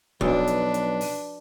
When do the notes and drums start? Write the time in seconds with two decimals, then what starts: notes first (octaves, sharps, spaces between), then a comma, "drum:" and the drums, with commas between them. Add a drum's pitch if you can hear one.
0.21 B1 F3 D4 F#4 B4, drum: kick D1
0.47 drum: hi-hat
0.74 drum: hi-hat
1.01 drum: open hi-hat